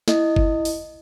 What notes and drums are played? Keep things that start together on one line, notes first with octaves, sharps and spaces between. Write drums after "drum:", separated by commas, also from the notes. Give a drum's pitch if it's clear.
E4 D#5, drum: snare
drum: kick
drum: open hi-hat